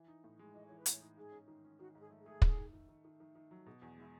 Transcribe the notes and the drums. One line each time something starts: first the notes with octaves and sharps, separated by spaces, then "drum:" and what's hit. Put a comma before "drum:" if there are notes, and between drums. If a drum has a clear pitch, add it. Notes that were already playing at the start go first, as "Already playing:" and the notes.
Already playing: E3
D#4
A2
G#3
E3 D#5
E3 C#5
B4
A2 C#5, drum: hi-hat
D#4
G#2 G#4
C#4
D#3
C#4
D#3 F#4
G#2 G#4
A3
A3 G#4
D#3, drum: kick
D#3
D#3
D#3
D#3
D#3
D#3
F#3
B2 G#4
E2 F#4
G#3 E4